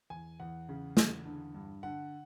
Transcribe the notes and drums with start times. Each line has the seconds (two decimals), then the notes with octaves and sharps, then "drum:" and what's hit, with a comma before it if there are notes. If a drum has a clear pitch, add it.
0.10 E2 G#5
0.40 E2 F#5
0.69 C#3
0.97 E2, drum: snare
1.25 D3
1.54 G2
1.83 D3 F#5